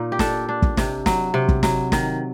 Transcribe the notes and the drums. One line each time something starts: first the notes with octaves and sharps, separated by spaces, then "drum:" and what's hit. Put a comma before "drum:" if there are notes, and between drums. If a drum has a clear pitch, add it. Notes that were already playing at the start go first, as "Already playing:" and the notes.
Already playing: A#2 D#4
G4
D4 A4, drum: snare
D4
drum: kick
C3, drum: snare
F#3, drum: snare
C3
drum: kick
F#3, drum: snare
D#3, drum: snare